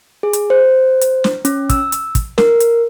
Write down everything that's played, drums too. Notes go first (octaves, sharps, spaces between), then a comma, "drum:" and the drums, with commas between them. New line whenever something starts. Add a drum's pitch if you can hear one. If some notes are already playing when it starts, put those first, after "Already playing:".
G#4
drum: hi-hat
C5
drum: hi-hat
drum: snare
C#4, drum: hi-hat
E6, drum: kick, hi-hat
drum: hi-hat
drum: kick, hi-hat
A#4, drum: snare
drum: hi-hat